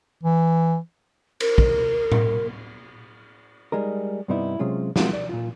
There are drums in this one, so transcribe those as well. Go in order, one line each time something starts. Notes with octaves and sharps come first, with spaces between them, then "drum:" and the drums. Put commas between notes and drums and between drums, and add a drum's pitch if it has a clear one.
E3
A#4, drum: cymbal
drum: kick
drum: tom A2
G3 G#3 D#4 A#4
G2 C3 G3 B3 D#4 E4
C3 F#3 G#3 C#4 F4
F3 G#3 A3 C4 F4 F#4, drum: snare
D5
A#2 F4